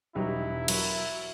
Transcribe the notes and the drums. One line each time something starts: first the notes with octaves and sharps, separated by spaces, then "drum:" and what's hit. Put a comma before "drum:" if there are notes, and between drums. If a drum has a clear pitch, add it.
E1 F#3 G3 D#4 E4 B4
F#3 F#4 A#4 E5, drum: cymbal